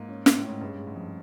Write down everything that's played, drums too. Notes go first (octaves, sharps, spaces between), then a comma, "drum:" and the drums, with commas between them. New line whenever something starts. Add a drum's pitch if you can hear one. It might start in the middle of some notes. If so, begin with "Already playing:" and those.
Already playing: G#2 A#3
C#4
C#4, drum: snare
A2
G#2 C#4
G2 G#3
A2 G#3
G#2
F2